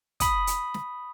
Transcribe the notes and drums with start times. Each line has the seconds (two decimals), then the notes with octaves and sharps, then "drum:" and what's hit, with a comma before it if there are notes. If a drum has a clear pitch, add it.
0.20 B5 D#6, drum: kick, hi-hat
0.47 drum: hi-hat
0.74 drum: snare